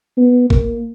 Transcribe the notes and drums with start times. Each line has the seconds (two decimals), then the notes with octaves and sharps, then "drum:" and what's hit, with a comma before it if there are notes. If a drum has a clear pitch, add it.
0.17 B3
0.50 A#3, drum: kick